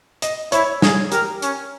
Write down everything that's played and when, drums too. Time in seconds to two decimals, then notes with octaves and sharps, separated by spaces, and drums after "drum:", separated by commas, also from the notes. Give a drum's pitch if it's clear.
0.22 D#5, drum: hi-hat
0.52 E4 C#5, drum: hi-hat
0.82 G#4, drum: snare
1.12 G4 A#4, drum: hi-hat
1.42 C#4, drum: hi-hat